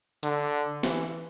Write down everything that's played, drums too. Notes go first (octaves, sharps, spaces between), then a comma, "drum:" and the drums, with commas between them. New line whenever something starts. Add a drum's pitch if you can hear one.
D3, drum: hi-hat
E3, drum: snare